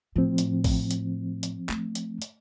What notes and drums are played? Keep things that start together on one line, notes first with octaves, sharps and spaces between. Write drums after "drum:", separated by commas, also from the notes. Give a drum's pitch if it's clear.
A2 F3 C4
drum: hi-hat
drum: kick, open hi-hat
drum: hi-hat
drum: hi-hat
A3, drum: clap
drum: hi-hat
drum: hi-hat